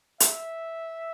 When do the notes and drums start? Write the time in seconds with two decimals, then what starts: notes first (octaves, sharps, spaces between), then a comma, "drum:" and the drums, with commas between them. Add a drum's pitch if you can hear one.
0.20 E5, drum: hi-hat